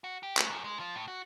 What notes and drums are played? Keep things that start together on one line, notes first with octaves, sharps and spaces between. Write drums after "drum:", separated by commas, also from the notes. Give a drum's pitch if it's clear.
F#4
G4
A3, drum: clap
F#2
G#3
F3
A2
F#4